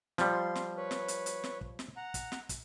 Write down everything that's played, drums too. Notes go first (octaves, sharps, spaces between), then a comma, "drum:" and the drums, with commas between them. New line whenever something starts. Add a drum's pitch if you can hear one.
F3 G3, drum: snare
F4 C6
drum: snare
B4 C#5
drum: snare
drum: hi-hat
drum: hi-hat
drum: snare
drum: kick
drum: snare
F#5 A#5
drum: kick, hi-hat
drum: snare
drum: kick, hi-hat